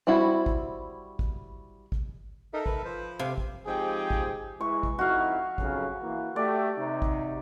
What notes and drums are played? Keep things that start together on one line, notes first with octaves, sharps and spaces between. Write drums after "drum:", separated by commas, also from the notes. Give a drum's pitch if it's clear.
G3 C4 E4 F#4
drum: kick
drum: kick
drum: kick
D#4 A4 A#4 E5
B4, drum: kick
F3 C5
C3 F5
drum: kick
F3 G#3 C4 D#4 G4 G#4
drum: kick
E3 G#3 C#6
drum: kick
F2 D#4 E4 F#4 F5
B1 F2 C#3, drum: kick
E3 A#3
A3 G4 D5
C3 D#4
drum: kick